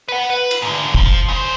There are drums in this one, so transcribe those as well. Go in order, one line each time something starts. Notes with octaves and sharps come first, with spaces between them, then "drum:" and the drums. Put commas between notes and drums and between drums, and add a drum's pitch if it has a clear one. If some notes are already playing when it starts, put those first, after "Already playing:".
B4 F#5
B4
drum: cymbal
G#2 D3
F3, drum: kick
C#3 C5